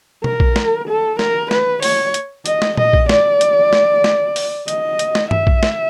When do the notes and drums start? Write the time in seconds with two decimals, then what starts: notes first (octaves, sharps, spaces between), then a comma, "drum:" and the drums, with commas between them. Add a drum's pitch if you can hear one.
0.24 A#4, drum: tom B2
0.40 drum: kick A#1
0.56 drum: snare
0.88 A4
1.19 A#4, drum: snare
1.51 B4, drum: snare
1.82 C#5, drum: open hi-hat
2.14 drum: hi-hat
2.46 D#5, drum: hi-hat
2.62 drum: snare
2.77 D#5, drum: tom A#2
2.93 drum: kick A#1
3.09 D5, drum: snare
3.41 drum: hi-hat
3.73 drum: snare
4.04 drum: snare
4.36 drum: open hi-hat
4.68 D#5, drum: hi-hat
4.99 drum: hi-hat
5.15 drum: snare
5.31 E5, drum: tom G2
5.47 drum: kick A#1
5.63 drum: snare